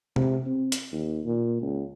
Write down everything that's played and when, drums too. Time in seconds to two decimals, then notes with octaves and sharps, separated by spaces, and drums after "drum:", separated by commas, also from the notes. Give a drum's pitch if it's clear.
0.16 C3, drum: tom C3
0.46 C4
0.72 drum: hi-hat
0.93 D#2
1.25 A#2
1.62 C#2